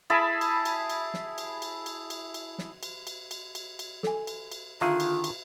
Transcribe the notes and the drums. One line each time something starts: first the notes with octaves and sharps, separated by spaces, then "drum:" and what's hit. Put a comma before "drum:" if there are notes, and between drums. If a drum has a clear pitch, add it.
E4 G#4 A5 B5
drum: cymbal
drum: cymbal
drum: cymbal
drum: snare
drum: cymbal
drum: cymbal
drum: cymbal
drum: cymbal
drum: cymbal
drum: snare
drum: cymbal
drum: cymbal
drum: cymbal
drum: cymbal
drum: cymbal
A4 G#5, drum: snare
drum: cymbal
drum: cymbal
D3 D#3 F4 G#4 E5 F5 A#5
drum: cymbal
drum: cymbal